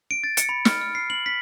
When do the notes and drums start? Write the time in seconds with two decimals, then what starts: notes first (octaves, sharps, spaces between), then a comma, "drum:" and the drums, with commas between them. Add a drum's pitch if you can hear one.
0.11 D7
0.24 A6
0.37 C#7, drum: hi-hat
0.49 B5
0.65 F6, drum: snare
0.81 F6
0.95 C7
1.10 F#7
1.26 B6